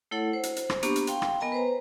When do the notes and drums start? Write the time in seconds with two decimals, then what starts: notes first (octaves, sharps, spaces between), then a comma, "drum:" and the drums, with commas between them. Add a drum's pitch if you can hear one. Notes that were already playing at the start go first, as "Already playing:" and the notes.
0.11 A3 E4 A4 C#5 F#5
0.33 C5
0.43 drum: hi-hat
0.56 drum: hi-hat
0.70 drum: rim click
0.83 A#3 B3 D4 G4 A#5 C#6, drum: hi-hat
0.96 drum: hi-hat
1.07 F5 G5 C6, drum: hi-hat
1.22 drum: rim click
1.40 B3 A#4 D#5 G#5 A#5
1.52 B4 C5 A#5